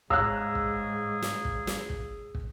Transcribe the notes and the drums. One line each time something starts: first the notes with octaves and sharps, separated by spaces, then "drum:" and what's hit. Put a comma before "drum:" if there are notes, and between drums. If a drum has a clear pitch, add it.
G#2 G#4 C#5 F5 A#5 E6 F#6, drum: kick
drum: kick
drum: snare
drum: kick
drum: snare
drum: kick
drum: kick